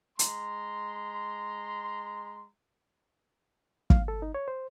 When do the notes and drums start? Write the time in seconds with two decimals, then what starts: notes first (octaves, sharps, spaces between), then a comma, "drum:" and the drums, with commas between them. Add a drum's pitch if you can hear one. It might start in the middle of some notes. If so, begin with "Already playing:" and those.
0.19 G#3 A#5 C6, drum: hi-hat
3.90 F5, drum: kick
4.08 A4
4.22 D#4
4.34 C#5
4.48 C5